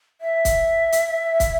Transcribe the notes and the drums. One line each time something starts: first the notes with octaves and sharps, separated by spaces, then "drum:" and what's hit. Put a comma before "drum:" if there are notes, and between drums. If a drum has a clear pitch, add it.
E5
drum: kick, hi-hat
drum: hi-hat
drum: kick, hi-hat